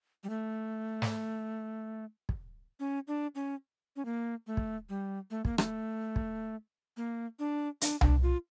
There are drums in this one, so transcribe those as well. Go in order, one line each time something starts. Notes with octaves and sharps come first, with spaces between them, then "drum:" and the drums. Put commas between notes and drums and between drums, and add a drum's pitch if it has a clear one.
G3
A3
drum: snare
drum: kick
C#4
D4
C#4
C#4
A#3
A3
drum: kick
G3
A3
A#3, drum: kick
A3, drum: rim click
drum: kick
A#3
D4
D4, drum: hi-hat
D4, drum: tom C2
F4